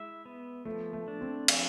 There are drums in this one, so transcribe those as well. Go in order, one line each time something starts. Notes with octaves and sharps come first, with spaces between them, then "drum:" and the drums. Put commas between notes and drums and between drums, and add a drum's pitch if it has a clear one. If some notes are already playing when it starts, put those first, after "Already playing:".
Already playing: G#3 E4 E5
B3
F3 A3
A3
D4
C4
F3, drum: cymbal